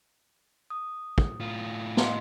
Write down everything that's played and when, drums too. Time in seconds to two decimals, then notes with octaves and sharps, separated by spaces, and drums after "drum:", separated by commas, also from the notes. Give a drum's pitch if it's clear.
0.70 D#6
1.18 drum: kick
1.40 A2 F4
1.97 D#5 F5 C6, drum: snare